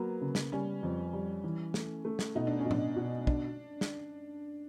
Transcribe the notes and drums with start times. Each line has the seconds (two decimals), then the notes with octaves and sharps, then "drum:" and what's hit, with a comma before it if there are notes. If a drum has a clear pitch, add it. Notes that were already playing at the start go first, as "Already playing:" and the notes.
Already playing: F#3 A#3 B3
0.21 C#3
0.35 drum: snare
0.52 G3 C#4
0.83 F2
1.13 G3
1.44 E3
1.74 A3, drum: snare
2.05 A3
2.19 drum: snare
2.35 B2 D#4
2.47 D4
2.59 C#4
2.66 B2
2.71 D4, drum: tom A2
2.96 B2
3.27 D4, drum: kick
3.81 drum: snare